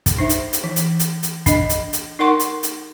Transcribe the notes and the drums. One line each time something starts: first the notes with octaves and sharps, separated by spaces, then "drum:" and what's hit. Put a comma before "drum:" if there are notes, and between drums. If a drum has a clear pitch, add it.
drum: kick, hi-hat
D4 D#4 C5 E5
drum: hi-hat
drum: hi-hat
E3
drum: hi-hat
drum: hi-hat
drum: hi-hat
D4 D#5, drum: kick, hi-hat
drum: hi-hat
drum: hi-hat
D#4 A#4 F#5 C6 C#6
drum: hi-hat
drum: hi-hat